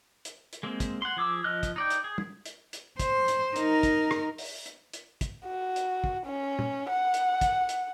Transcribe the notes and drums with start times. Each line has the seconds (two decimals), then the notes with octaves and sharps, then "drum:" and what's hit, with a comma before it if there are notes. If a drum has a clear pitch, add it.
0.25 drum: hi-hat
0.53 drum: hi-hat
0.63 G#3 A#3 C4
0.80 drum: kick, hi-hat
1.02 F#5 C6
1.17 F3 G#4 D6 E6
1.44 F3 D#5 F6 F#6
1.63 drum: kick, hi-hat
1.76 D#4 D5 G5
1.90 drum: hi-hat
2.04 G#4
2.18 drum: tom
2.46 drum: hi-hat
2.73 drum: hi-hat
2.99 C5, drum: kick, hi-hat
3.28 drum: hi-hat
3.56 D#4 A#4, drum: hi-hat
3.83 drum: kick, hi-hat
4.11 drum: rim click
4.38 drum: open hi-hat
4.66 drum: hi-hat
4.93 drum: hi-hat
5.21 drum: kick, hi-hat
5.45 F#4
5.76 drum: hi-hat
6.04 drum: kick
6.26 C#4
6.59 drum: tom
6.90 F#5
7.14 drum: hi-hat
7.41 drum: kick, hi-hat
7.69 drum: hi-hat